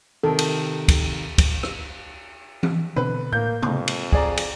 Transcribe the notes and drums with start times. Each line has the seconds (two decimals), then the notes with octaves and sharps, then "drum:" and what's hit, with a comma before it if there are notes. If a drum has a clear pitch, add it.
0.23 C3 D#3 A4
0.39 drum: cymbal
0.88 drum: kick, cymbal
1.38 drum: kick, cymbal
1.63 drum: rim click
2.63 drum: tom E3
2.96 B2 D3 C4 B4
3.33 A2 A#3 G6
3.62 F2, drum: tom
3.88 drum: cymbal
4.12 G#4 D5 A#5, drum: kick
4.37 drum: cymbal